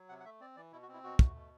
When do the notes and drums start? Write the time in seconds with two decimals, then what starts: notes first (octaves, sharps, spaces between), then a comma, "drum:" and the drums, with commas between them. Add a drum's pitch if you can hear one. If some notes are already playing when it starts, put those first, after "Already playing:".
Already playing: F#3
0.09 C3 F#5
0.20 F#5
0.25 A3 E5
0.40 C4 D5
0.56 E3 D5
0.72 B2 E4
0.83 F#4
0.88 C4
0.93 E4
1.03 B2 F#4
1.19 A3, drum: kick
1.35 B2